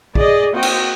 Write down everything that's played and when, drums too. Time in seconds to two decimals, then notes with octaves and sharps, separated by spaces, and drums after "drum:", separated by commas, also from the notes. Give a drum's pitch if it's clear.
0.15 G#4 D5 D#5, drum: kick
0.53 A#3 C4 F#4 D#5 G5
0.63 drum: cymbal